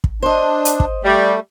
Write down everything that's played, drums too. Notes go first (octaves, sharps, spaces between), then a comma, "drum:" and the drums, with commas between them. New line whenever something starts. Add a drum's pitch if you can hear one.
drum: kick
D4 C5 D#5
drum: hi-hat
drum: kick
G3 A3